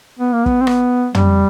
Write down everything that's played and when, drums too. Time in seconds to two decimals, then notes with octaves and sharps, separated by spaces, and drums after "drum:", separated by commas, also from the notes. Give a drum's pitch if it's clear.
0.19 B3
0.33 A#3
0.46 B3, drum: kick
0.61 C4
0.67 B3, drum: rim click
1.15 G3, drum: tom